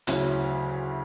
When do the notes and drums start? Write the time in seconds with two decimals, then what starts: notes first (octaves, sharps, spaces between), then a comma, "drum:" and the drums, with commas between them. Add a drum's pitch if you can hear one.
0.07 D2 C#3 F#3 C#4 E4, drum: hi-hat